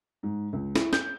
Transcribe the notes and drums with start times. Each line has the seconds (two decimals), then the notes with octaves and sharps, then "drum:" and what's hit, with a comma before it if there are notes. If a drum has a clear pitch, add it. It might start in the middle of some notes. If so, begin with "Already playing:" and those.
0.23 G#2
0.53 C#2
0.76 E4, drum: snare
0.93 G6, drum: snare